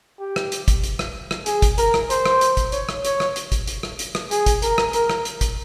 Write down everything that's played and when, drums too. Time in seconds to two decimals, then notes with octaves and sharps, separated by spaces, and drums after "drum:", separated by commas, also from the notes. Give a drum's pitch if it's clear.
0.20 G4
0.36 drum: rim click
0.52 drum: hi-hat
0.68 drum: kick, hi-hat
0.83 drum: hi-hat
0.99 drum: rim click
1.31 drum: rim click
1.46 G#4, drum: hi-hat
1.62 drum: kick, hi-hat
1.78 A#4, drum: hi-hat
1.94 drum: rim click
2.10 C5, drum: hi-hat
2.26 drum: rim click
2.41 drum: hi-hat
2.57 drum: kick, hi-hat
2.72 C#5, drum: hi-hat
2.89 drum: rim click
3.05 C#5, drum: hi-hat
3.20 drum: rim click
3.36 drum: hi-hat
3.52 drum: kick, hi-hat
3.68 drum: hi-hat
3.83 drum: rim click
3.99 drum: hi-hat
4.15 drum: rim click
4.31 G#4, drum: hi-hat
4.46 drum: kick, hi-hat
4.62 A#4, drum: hi-hat
4.78 drum: rim click
4.93 A#4, drum: hi-hat
5.10 drum: rim click
5.25 drum: hi-hat
5.41 drum: kick, hi-hat